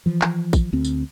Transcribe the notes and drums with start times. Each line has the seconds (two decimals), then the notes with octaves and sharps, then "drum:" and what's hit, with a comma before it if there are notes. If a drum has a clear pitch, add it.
0.06 E3 F3
0.22 drum: clap
0.53 drum: kick A1, tambourine
0.73 D2 C4
0.85 drum: tambourine